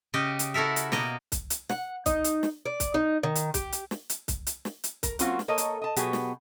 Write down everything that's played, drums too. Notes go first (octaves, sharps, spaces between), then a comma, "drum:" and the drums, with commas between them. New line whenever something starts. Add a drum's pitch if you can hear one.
C#3 G4 D#5
drum: hi-hat
E4 F#4 A4 A#4 E5
drum: hi-hat
B2 A#3 D#5, drum: snare
drum: kick C2, hi-hat
drum: hi-hat
F#5, drum: snare
D#4, drum: kick C2, hi-hat
drum: hi-hat
drum: snare
D5
drum: kick C2, hi-hat
D#4
D#3
drum: hi-hat
G4, drum: kick C2, hi-hat
drum: hi-hat
drum: snare
drum: hi-hat
drum: kick C2, hi-hat
drum: hi-hat
drum: snare
drum: hi-hat
A#4, drum: kick C2, hi-hat
F#3 A#3 C4 C#4 F4 F#4, drum: hi-hat
drum: snare
A#3 A4 A#4 C#5 D#5
drum: hi-hat
D#5 A5
B2 F#3 B3 G4 G#4, drum: hi-hat
drum: snare